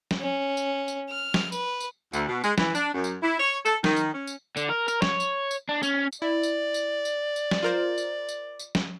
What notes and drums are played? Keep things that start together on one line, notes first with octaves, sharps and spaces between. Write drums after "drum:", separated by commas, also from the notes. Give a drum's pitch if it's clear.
drum: snare
C#4
drum: tambourine
drum: tambourine
F6
drum: snare
B4, drum: tambourine
drum: tambourine
D2, drum: tambourine
B2
G#3, drum: tambourine
E3, drum: snare
D4, drum: tambourine
F#2
drum: tambourine
E4
C#5
A4, drum: tambourine
D#3, drum: snare
drum: tambourine
C#4
drum: tambourine
D3, drum: tambourine
A#4
A#4, drum: tambourine
C#5, drum: snare
drum: tambourine
drum: tambourine
D4
C#4, drum: tambourine
drum: tambourine
E4 D5
drum: tambourine
drum: tambourine
drum: tambourine
drum: tambourine
drum: snare
F4 A#4 C5
drum: tambourine
drum: tambourine
drum: tambourine
drum: snare